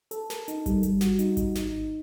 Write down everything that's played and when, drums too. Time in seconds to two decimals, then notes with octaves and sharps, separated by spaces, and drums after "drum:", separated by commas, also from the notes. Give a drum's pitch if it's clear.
0.11 A4, drum: hi-hat
0.30 A#4, drum: snare
0.48 D#4, drum: hi-hat
0.66 G3, drum: kick G#1, hi-hat
0.83 G3, drum: hi-hat
1.01 F#4, drum: snare
1.19 D#4, drum: hi-hat
1.37 D#4, drum: kick G#1, hi-hat
1.55 D#4, drum: snare